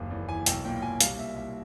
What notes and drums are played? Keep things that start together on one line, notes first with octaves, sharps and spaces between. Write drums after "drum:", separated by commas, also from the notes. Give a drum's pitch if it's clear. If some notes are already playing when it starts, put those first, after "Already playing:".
Already playing: F#1 D#2
E2
E3 G#5
B1 G5, drum: hi-hat
A#2 G5
B1 G#5
C2 F5, drum: hi-hat
A#2 E5
C2 E5